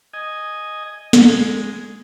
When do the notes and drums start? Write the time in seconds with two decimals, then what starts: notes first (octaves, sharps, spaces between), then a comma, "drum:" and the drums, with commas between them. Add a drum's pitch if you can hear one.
0.13 D#5 G#5
1.13 G#3, drum: snare